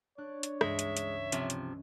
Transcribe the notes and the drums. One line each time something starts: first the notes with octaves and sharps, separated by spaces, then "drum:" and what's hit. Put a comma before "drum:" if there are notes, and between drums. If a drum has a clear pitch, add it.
D4 C#5 D5 F#6
drum: hi-hat
C#2 G2 E3 G#3 E5, drum: rim click
drum: hi-hat
drum: hi-hat
C3 F3 C#4, drum: hi-hat
drum: hi-hat